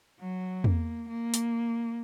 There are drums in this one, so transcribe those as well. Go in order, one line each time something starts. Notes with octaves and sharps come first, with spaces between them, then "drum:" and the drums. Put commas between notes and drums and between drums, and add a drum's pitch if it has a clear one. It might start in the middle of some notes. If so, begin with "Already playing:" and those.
F#3
A#3, drum: tom E2
A#3
drum: hi-hat